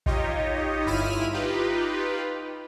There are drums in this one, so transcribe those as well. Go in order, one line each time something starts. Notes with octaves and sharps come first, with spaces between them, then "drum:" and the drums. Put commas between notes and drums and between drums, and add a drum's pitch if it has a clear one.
D#4 F4 G4 C#5 D#5, drum: kick A#1
G1 E4 F4 F6 B6 D#7
D#4 F4 G4 B4